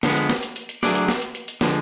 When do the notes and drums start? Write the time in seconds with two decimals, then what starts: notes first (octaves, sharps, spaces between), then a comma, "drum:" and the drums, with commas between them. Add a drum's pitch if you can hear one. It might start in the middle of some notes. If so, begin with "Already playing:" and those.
0.03 D3 F3 G#3 B3, drum: snare
0.16 drum: hi-hat
0.30 drum: snare
0.43 drum: hi-hat
0.56 drum: hi-hat
0.69 drum: hi-hat
0.83 F#3 A3 D4 G#4 D5, drum: snare
0.95 drum: hi-hat
1.09 drum: snare
1.22 drum: hi-hat
1.35 drum: hi-hat
1.48 drum: hi-hat
1.61 D3 F3 G#3, drum: snare